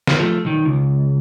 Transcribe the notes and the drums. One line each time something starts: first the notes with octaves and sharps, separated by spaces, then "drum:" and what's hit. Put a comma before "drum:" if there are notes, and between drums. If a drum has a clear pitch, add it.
drum: snare
F3 A3
B1 D#3
C#2